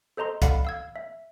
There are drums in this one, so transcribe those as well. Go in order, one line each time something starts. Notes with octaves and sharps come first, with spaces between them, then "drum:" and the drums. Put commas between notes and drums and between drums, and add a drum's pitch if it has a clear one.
A4 C5 D#5 A#5 C6
A4 D5 F5 F#5 B5, drum: kick, hi-hat
F5 E6 G#6
E5